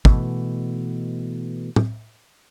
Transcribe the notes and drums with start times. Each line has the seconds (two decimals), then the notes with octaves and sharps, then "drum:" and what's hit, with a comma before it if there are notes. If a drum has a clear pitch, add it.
0.05 B2 E3 A3, drum: kick
1.76 drum: tom